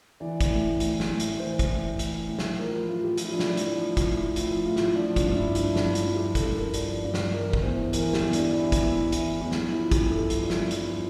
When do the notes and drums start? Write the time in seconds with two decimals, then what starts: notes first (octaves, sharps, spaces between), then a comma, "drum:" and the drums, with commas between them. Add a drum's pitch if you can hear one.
0.20 E3 D5
0.41 drum: kick, hi-hat
0.50 A2
0.80 E3, drum: hi-hat
1.00 drum: snare
1.10 A2
1.20 drum: hi-hat
1.40 E3 C5
1.59 drum: kick, hi-hat
1.69 A2
1.99 E3, drum: hi-hat
2.28 A2
2.39 drum: snare
2.59 F3 A#4
2.74 E4
2.88 A2 F4
3.03 G4
3.18 F3 F4, drum: hi-hat
3.25 E4
3.32 D4
3.39 E4, drum: snare
3.47 A2 D4
3.57 drum: hi-hat
3.77 F3
3.97 drum: kick, hi-hat
4.07 A2
4.36 F3 E4, drum: hi-hat
4.66 A2 F4
4.76 drum: snare
4.96 F3 D4
5.16 D4, drum: kick, hi-hat
5.26 G2
5.35 E4
5.55 F3 D4, drum: hi-hat
5.76 E4, drum: snare
5.86 G2
5.95 F4, drum: hi-hat
6.15 F3 G4
6.35 A4, drum: kick, hi-hat
6.45 G2
6.55 A#4
6.74 F3 D5, drum: hi-hat
7.04 G2 D5
7.14 drum: snare
7.34 E3 A#4
7.53 drum: kick
7.63 E2 C5
7.93 E3 A#4, drum: hi-hat
8.13 G4, drum: snare
8.23 E2
8.33 D4, drum: hi-hat
8.52 E3 E4
8.72 drum: kick, hi-hat
8.82 E2 E4
9.12 E3, drum: hi-hat
9.41 E2
9.51 drum: snare
9.71 F3 E4
9.92 G4, drum: kick, hi-hat
10.01 G2
10.10 A4
10.30 F3, drum: hi-hat
10.43 D4
10.50 E4, drum: snare
10.60 G2
10.71 E4, drum: hi-hat
10.89 F3 F4